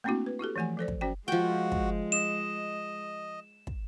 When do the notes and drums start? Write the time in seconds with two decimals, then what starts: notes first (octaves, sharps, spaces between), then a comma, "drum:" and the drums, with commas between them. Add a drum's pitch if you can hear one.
0.04 A3 A#3 C4 D4 E4 F#4
0.26 B4
0.39 E4 F#4 G4 A4
0.56 E3 F3 A3 F#5 G#5
0.77 F3 A4 C5 D5
0.88 drum: kick
1.01 C#4 F#4 C5 D5 G5
1.28 F3 G#3 F#4 G5
1.72 drum: kick
2.12 D#5 E7
3.67 drum: kick